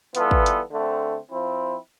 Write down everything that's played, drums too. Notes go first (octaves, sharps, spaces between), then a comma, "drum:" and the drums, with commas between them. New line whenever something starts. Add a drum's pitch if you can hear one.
E3 G3 B3 F4 A4, drum: hi-hat
drum: kick
drum: hi-hat
D3 A3 C4
F3 C4 E4